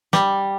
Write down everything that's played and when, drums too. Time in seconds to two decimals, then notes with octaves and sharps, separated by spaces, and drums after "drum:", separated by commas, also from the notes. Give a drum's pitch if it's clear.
0.13 G3, drum: snare